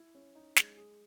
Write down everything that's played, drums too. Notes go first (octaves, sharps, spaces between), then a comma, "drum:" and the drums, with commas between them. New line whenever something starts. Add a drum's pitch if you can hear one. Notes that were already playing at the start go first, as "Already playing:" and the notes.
Already playing: E4
C#4
D#4
G#3, drum: snare
G#4